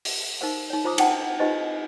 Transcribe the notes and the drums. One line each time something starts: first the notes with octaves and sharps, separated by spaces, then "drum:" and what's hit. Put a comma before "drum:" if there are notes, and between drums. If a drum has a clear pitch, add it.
drum: open hi-hat
D#4 A#4 C5 F5
D#4 C#5
F4 C5 A#5 D6 D#6
D#4 C5 F#5 G5 A5 A#5, drum: cymbal
D#4 F4 G4 B4 C5 D#5